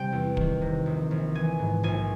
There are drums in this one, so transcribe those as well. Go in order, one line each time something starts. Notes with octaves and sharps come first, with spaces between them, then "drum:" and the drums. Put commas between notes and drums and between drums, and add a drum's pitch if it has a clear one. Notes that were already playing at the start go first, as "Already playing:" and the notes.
Already playing: C3 G3 G5
E2
D#3, drum: kick
C3
A#1
A#1
E3 G#5
G#2
A#1 G#5